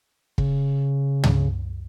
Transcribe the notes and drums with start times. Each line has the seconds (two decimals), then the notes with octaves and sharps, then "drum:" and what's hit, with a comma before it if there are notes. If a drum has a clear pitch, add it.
0.38 C#3, drum: kick
1.24 drum: tom